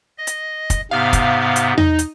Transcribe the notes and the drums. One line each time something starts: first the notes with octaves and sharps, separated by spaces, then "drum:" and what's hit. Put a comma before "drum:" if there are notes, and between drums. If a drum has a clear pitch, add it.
D#5
drum: hi-hat
drum: kick, hi-hat
G#2 C3 B3 F5
drum: kick, hi-hat
drum: hi-hat
D#4, drum: tom E2
drum: hi-hat